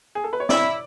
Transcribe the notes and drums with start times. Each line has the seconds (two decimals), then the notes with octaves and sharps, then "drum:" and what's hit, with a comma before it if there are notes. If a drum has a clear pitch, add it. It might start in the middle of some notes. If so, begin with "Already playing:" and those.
0.15 G#4
0.24 A4
0.33 B4
0.40 C#5
0.49 E4 D5, drum: snare